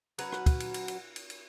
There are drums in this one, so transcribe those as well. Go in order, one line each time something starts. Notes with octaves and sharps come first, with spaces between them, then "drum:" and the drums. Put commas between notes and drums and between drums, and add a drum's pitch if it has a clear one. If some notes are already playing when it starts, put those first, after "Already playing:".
F#3 C#4 F#4 B4, drum: cymbal
drum: rim click
drum: kick, cymbal
drum: cymbal
drum: cymbal
drum: cymbal
drum: cymbal
drum: cymbal